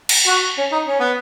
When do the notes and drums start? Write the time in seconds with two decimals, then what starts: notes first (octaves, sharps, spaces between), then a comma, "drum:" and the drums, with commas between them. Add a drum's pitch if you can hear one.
0.09 drum: cymbal
0.27 F#4
0.58 C#4
0.72 D#4
0.87 C#4
1.00 B3